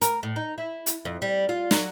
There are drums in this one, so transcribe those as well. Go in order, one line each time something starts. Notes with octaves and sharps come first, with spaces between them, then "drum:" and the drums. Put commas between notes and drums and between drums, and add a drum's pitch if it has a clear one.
A#4, drum: hi-hat
A2
D#4
E4
drum: hi-hat
F2
G3
F4
F#3, drum: snare